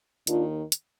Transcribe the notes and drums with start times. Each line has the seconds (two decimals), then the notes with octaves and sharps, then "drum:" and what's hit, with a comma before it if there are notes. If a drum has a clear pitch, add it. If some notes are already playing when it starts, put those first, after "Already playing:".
0.27 D#2 D#3 D4 F4, drum: hi-hat
0.72 drum: hi-hat